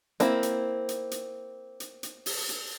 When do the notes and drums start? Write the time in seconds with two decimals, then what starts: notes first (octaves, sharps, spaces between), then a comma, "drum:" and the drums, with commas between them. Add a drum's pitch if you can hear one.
0.20 A#3 C4 E4, drum: hi-hat
0.43 drum: hi-hat
0.89 drum: hi-hat
1.11 drum: hi-hat
1.80 drum: hi-hat
2.03 drum: hi-hat
2.26 drum: open hi-hat
2.49 drum: hi-hat